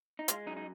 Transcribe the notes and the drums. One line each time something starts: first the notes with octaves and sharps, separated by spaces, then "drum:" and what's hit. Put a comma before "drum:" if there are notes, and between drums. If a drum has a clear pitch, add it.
D#4
G#3 F4, drum: hi-hat
F#2 D#4
D#4